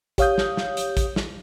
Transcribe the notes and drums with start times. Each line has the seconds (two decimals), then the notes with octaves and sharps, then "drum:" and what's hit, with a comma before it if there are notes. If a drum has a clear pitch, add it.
0.18 G4 C#5 F5 D#6 G6, drum: kick A1, hi-hat
0.38 drum: snare
0.57 drum: snare
0.77 drum: hi-hat
0.97 drum: kick A1, hi-hat
1.16 drum: snare